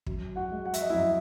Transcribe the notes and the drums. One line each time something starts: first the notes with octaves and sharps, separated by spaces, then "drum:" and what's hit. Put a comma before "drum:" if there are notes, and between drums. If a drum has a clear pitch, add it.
F#2, drum: kick
F#4 F#5
G#3
F#5
E5, drum: hi-hat
D#5
F#2 E4 E5